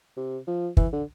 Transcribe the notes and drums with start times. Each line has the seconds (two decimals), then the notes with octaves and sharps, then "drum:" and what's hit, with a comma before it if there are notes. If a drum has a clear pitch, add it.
0.17 C3
0.47 F3
0.77 E3, drum: kick
0.93 D3